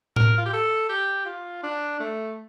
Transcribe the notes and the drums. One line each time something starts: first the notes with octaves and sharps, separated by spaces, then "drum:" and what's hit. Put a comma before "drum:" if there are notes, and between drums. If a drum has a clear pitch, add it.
A#4, drum: tom A2
F4
G4
A4
G4
F4
D4
A3